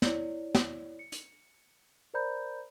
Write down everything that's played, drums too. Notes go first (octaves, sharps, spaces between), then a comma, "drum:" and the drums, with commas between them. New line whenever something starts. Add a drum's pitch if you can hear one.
E4 C#5 D5, drum: snare
drum: snare
C#7
drum: hi-hat
A#4 C5 D5 A#5 B5 G6